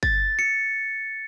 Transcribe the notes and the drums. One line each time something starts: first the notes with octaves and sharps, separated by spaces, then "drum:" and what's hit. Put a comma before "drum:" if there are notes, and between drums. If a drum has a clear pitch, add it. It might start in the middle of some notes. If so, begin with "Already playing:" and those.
A6, drum: kick
C#7